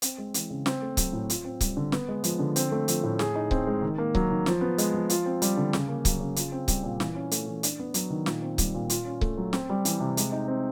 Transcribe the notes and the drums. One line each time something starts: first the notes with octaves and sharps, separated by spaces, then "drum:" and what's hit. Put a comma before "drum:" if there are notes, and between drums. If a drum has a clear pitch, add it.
C4, drum: hi-hat
G#3
E3, drum: hi-hat
C#3
C4, drum: snare
A3
F#3, drum: kick C#1, hi-hat
A2
F4, drum: hi-hat
C4
G3, drum: kick C#1, hi-hat
D3
B3, drum: snare
G#3
F3, drum: hi-hat
D3
C4, drum: hi-hat
A3
F3, drum: hi-hat
A2
G#4, drum: snare
D#4
C4, drum: kick C#1
G#3
D#3
A#3
F#3, drum: kick C#1
D#3
F3, drum: snare
B3
G#3, drum: hi-hat
F3
F4, drum: hi-hat
C4
G3, drum: hi-hat
D3
C#3, drum: snare
A#3
F#3, drum: kick C#1, hi-hat
C#3
F4, drum: hi-hat
C4
G3, drum: kick C#1, hi-hat
A#2
E3, drum: snare
C#4
A3, drum: hi-hat
E3
D4, drum: hi-hat
B3
F#3, drum: hi-hat
D#3
A#2, drum: snare
C4
G3, drum: kick C#1, hi-hat
A#2
F4, drum: hi-hat
C#4
A3, drum: kick C#1
F#3
C4, drum: snare
G3
E3, drum: hi-hat
C3
G#3, drum: hi-hat
D#4
C4